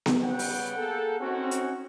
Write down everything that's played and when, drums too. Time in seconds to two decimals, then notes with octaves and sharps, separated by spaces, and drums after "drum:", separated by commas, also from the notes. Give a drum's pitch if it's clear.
0.06 drum: snare B3
0.22 C#3 G3 B3 F#5 G5
0.39 drum: open hi-hat
0.77 A#3 G#4 A4
1.20 C4 C#4 D#4 F#4
1.51 drum: hi-hat